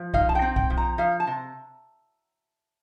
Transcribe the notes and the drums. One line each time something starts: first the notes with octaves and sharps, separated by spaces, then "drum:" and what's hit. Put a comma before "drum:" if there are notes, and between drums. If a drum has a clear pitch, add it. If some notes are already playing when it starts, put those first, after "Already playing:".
Already playing: F3
D#4 F5, drum: kick
A5
G5
C4
G5, drum: kick
F3
A#5
F3 F5
A5
C3